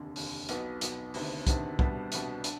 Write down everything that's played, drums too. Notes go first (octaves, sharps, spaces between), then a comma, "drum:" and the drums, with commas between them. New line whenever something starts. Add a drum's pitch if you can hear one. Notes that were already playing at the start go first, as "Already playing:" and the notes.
Already playing: F1 D#2 D3
F1 D#2 D3, drum: open hi-hat
B1 B2 B3 D#4, drum: hi-hat
B1 B2 B3 D#4, drum: hi-hat
D2 C3 D#3 B3 D4, drum: open hi-hat
D2 C3 D#3 B3 D4, drum: kick, hi-hat
C2 B2 G3 B3 D4, drum: kick
C2 B2 G3 B3 D4, drum: hi-hat
D4, drum: hi-hat